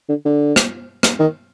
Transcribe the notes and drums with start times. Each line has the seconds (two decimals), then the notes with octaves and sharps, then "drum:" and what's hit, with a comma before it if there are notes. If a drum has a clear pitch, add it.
0.09 D3
0.25 D3
0.56 drum: rim click
1.03 drum: rim click
1.19 D#3